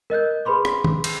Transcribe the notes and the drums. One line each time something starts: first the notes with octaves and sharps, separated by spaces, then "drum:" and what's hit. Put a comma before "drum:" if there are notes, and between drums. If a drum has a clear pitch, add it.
A#4 D#5 F#6 G6
G#4 B4 B5 C6 D6
drum: rim click
drum: tom D#3
drum: cymbal